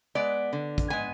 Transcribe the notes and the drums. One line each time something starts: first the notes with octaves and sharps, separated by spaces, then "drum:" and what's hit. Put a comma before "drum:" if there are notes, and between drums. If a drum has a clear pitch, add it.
G#3 B3 D5
D3
drum: kick, hi-hat
G#3 B3 G#5